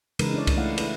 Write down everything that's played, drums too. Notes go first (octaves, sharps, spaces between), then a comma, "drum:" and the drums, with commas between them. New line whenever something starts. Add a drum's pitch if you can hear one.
C#3 E3 G#3 D#4 A#4 B4, drum: cymbal
D4 C#5 D5
drum: kick C2, cymbal
A3 E4 F5 F#5
E4 B4, drum: cymbal